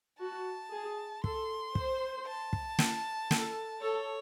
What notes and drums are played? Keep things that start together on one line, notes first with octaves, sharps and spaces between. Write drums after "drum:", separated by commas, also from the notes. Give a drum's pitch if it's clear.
F#4 A5
G#4
A4 C6, drum: kick
C5, drum: kick
A5
drum: kick
drum: snare
A4, drum: snare
A4 C#5